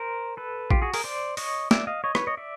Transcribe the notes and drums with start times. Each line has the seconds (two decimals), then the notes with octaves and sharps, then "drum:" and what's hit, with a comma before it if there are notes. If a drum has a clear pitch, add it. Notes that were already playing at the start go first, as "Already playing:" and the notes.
Already playing: A#4 C5
0.37 A4 B4
0.71 F4 G4, drum: kick
0.82 F#4 G#4
0.94 G#4 A#4, drum: open hi-hat
1.04 C5 D5
1.37 C#5 D#5, drum: open hi-hat
1.71 D5 E5, drum: snare
1.87 D#5 F5
2.04 C#5 D#5
2.15 B4 C#5, drum: rim click
2.27 C#5 D#5
2.37 D5 E5